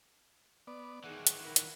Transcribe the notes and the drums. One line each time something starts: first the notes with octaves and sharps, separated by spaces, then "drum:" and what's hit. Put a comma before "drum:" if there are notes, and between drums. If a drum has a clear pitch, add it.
B3 D5
D#3 E3 D#4 G#4 F#5
drum: hi-hat
E4 A#4
drum: hi-hat